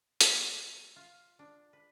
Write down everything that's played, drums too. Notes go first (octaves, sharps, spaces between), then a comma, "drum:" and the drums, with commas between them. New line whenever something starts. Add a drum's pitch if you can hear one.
G3, drum: hi-hat
F4
D4
B4